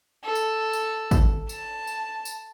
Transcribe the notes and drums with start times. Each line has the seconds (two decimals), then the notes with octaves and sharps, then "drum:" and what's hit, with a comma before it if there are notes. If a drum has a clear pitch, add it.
0.24 A4
0.35 drum: tambourine
0.73 drum: tambourine
1.11 drum: kick, tambourine
1.49 A5, drum: tambourine
1.87 drum: tambourine
2.25 drum: tambourine